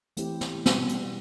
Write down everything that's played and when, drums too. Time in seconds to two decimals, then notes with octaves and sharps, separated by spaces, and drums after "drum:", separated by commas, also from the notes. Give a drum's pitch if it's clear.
0.17 E3 A3 C4 E4 G4, drum: hi-hat
0.41 drum: snare
0.66 B2 G3 B3, drum: snare
0.89 drum: hi-hat